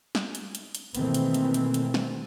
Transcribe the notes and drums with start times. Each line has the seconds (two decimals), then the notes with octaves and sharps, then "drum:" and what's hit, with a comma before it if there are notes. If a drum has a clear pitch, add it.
0.15 drum: snare
0.35 drum: hi-hat
0.55 drum: hi-hat
0.75 drum: hi-hat
0.95 B2 D#3 E3 A3 A#3 C4, drum: hi-hat
1.14 drum: hi-hat
1.34 drum: hi-hat
1.54 drum: hi-hat
1.74 drum: hi-hat
1.94 drum: snare